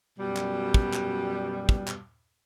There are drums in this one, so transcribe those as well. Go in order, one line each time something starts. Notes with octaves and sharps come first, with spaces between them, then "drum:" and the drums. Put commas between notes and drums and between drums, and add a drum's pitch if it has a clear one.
F#2 B2 G3
drum: clap
drum: kick
drum: clap
drum: kick
drum: clap